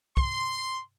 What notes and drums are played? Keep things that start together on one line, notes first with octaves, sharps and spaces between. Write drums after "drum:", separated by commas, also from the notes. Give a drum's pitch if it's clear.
C6, drum: kick